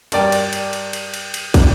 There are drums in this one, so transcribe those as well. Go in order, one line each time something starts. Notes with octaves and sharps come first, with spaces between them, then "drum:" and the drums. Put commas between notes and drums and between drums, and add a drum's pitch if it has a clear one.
G2 A#4 D5 G5, drum: cymbal
drum: cymbal
drum: cymbal
drum: cymbal
drum: cymbal
drum: cymbal
drum: cymbal
drum: kick, cymbal